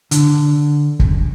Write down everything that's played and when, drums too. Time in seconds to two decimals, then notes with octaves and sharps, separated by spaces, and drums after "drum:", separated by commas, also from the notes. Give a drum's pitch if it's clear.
0.11 D3, drum: hi-hat
0.99 drum: kick